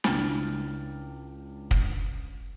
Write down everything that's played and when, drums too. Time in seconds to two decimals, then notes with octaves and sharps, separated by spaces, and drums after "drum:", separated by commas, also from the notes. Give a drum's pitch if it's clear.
0.04 C#2 D4 E4 G5 F6 A6, drum: snare
1.71 drum: kick